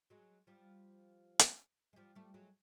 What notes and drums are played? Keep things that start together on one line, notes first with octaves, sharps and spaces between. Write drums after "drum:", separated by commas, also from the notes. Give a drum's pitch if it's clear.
F#3 G#3
F3 G3
drum: hi-hat
G#3
F3 G3
G3 A3
F#3 G#3